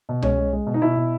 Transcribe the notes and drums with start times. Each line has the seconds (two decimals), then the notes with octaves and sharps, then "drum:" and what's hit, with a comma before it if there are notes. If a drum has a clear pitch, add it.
0.09 B2
0.22 G#3 C#4, drum: tom C2
0.38 G#3
0.53 G#3
0.67 B2
0.74 D#4
0.82 B2 E4
0.97 B2